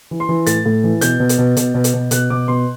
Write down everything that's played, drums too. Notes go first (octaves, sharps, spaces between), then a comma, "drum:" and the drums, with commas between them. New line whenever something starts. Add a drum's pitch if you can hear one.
E3
C6
E3
A2 A6, drum: hi-hat
A2
E3
B2 G6, drum: hi-hat
B2
drum: hi-hat
B2
B2, drum: hi-hat
B2
drum: hi-hat
B2
B2 F#6, drum: hi-hat
B2 D6
B2 C6